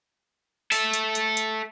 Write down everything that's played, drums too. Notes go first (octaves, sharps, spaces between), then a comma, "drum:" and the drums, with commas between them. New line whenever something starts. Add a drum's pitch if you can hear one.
A4 E5, drum: open hi-hat
drum: hi-hat
drum: hi-hat
drum: hi-hat